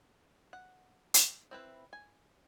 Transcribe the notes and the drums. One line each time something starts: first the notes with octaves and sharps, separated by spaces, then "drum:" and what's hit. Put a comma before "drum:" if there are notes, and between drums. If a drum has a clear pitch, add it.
F#5
drum: hi-hat
C4 E4 B4
G#5